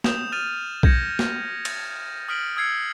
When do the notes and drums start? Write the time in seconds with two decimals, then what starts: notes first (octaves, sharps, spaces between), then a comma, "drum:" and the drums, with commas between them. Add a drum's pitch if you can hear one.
0.04 D#6 G6 E7 F7, drum: snare
0.32 F6 A6 D#7 F7
0.83 G6 G#6 A#6 C#7, drum: kick B1
1.19 drum: snare
1.65 A6, drum: cymbal
2.29 D#6 F6 B6 D7 F#7
2.56 D#6 E6 G#6 C7 C#7